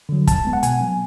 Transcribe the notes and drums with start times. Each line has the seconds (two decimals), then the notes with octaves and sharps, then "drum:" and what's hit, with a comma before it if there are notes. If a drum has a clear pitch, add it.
0.09 D3 F#3
0.27 G#2 A5, drum: kick, hi-hat
0.45 G#3 B3
0.53 F#5
0.63 B2 G#5, drum: hi-hat
0.81 F#3 B3